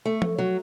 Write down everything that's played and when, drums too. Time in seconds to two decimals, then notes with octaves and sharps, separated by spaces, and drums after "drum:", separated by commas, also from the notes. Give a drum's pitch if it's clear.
0.05 A3
0.22 drum: tom F3
0.38 F#3